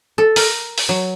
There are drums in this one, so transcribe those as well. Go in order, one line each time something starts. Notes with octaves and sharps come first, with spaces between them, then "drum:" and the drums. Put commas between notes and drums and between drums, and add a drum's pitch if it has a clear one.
A4
A#4, drum: open hi-hat
drum: open hi-hat
F#3